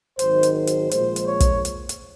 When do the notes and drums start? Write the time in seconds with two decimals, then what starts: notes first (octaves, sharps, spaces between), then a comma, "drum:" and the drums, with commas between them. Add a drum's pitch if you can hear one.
0.19 G#1 G#2 D#3 F#3 C5, drum: hi-hat
0.43 drum: hi-hat
0.55 C5
0.67 drum: hi-hat
0.91 A#1 A#2 F3 G#3 C5, drum: hi-hat
1.16 drum: hi-hat
1.28 C#5
1.40 drum: kick, hi-hat
1.65 drum: hi-hat
1.89 drum: hi-hat